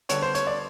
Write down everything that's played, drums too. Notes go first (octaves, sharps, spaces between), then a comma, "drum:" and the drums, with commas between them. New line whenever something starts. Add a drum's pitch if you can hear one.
D3 G3 B3 C#5, drum: hi-hat
C5
C#5, drum: hi-hat
D5